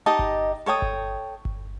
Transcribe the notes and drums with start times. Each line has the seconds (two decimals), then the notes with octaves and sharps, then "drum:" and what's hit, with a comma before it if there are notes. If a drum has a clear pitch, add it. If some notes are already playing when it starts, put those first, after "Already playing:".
0.06 D#4 G4 D#5 A5
0.19 drum: kick G1
0.66 A4 C#5 G5 D#6
0.82 drum: kick G1
1.45 drum: kick G1